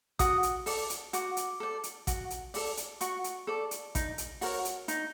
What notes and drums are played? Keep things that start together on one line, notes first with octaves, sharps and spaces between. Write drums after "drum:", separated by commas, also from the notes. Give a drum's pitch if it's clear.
F#4 D#6, drum: kick, hi-hat
drum: hi-hat
A4 D5, drum: open hi-hat
drum: hi-hat
F#4 D6, drum: hi-hat
drum: hi-hat
A4 D5
drum: hi-hat
F#4, drum: kick, hi-hat
drum: hi-hat
A4 D5, drum: open hi-hat
drum: hi-hat
F#4 C#6, drum: hi-hat
drum: hi-hat
A4 D5
drum: hi-hat
D#4, drum: kick, hi-hat
drum: hi-hat
F#4 A#4 C#5, drum: open hi-hat
drum: hi-hat
D#4, drum: hi-hat